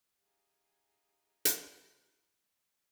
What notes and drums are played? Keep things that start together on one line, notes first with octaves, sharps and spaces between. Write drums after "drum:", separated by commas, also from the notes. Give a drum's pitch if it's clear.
D#4 G4 G#4 F5 G#5
drum: hi-hat